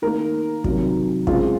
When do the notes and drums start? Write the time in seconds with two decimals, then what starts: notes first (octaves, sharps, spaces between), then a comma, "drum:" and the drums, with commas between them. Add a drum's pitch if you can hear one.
0.02 D#3 A#3 A#4
0.64 C3 D#3 F#3, drum: kick
1.27 C#3 G#3 C4 F4, drum: kick